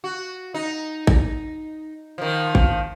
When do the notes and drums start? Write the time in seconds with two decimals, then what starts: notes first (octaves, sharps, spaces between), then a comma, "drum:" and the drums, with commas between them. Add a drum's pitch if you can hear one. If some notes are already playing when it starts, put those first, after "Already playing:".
0.04 F#4
0.54 D#4
1.07 drum: kick A1
2.18 D#3 F3
2.55 drum: kick A1